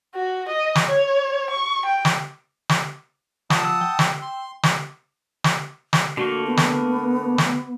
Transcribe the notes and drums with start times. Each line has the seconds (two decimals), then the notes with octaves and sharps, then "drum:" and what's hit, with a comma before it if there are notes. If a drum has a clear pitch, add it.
0.15 F#4
0.48 D#5
0.75 drum: snare
0.87 C#5
1.50 C#6
1.86 G5
2.05 drum: snare
2.69 drum: snare
3.50 F3 F#5 A5 D#6, drum: snare
3.65 E6
3.81 G5
3.99 drum: snare
4.22 C6
4.63 drum: snare
5.44 drum: snare
5.93 drum: snare
6.17 D3 A3 A#3 F#4
6.46 B3
6.57 drum: snare
7.38 drum: snare